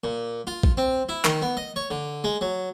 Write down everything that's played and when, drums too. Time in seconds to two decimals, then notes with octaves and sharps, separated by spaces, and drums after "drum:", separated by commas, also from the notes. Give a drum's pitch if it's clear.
0.04 A#2
0.47 F4
0.63 drum: kick A1
0.77 C4
1.09 E4
1.25 D#3, drum: clap
1.42 B3
1.57 D#5
1.76 C#5
1.90 D3
2.24 G#3
2.41 F#3